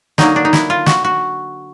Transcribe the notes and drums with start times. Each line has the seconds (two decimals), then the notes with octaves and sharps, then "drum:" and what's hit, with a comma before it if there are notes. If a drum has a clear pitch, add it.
0.18 D3 F#3 A#3 D#4, drum: snare
0.36 D4
0.45 D#4
0.53 E4, drum: snare
0.70 F4
0.86 F#4, drum: snare
1.04 F#4